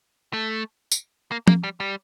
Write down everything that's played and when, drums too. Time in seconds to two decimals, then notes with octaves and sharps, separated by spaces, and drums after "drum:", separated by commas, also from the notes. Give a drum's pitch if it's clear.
0.33 A3
0.92 drum: tambourine
1.31 A#3
1.48 A#3, drum: tom F3
1.64 G3
1.80 G3